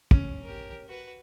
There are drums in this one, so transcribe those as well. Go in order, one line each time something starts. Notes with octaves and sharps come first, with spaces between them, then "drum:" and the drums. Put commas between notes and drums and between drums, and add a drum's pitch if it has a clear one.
C#4, drum: kick
G4 A#4
F#4 B4